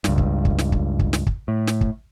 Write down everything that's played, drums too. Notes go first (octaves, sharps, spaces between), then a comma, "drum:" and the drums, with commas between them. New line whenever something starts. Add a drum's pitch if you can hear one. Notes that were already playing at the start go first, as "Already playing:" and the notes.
C#2 G2, drum: snare
drum: kick
drum: kick
drum: snare
drum: kick
drum: kick
drum: snare
drum: kick
A2
drum: snare
drum: kick